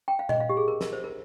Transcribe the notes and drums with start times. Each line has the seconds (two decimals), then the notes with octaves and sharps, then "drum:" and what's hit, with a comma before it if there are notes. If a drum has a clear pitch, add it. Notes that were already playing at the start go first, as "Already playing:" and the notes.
0.08 G5
0.19 F5
0.29 D#5, drum: tom A#2
0.40 F5
0.49 G4
0.57 G#4
0.68 A#4
0.81 A#4, drum: snare
0.93 C5
1.04 A#4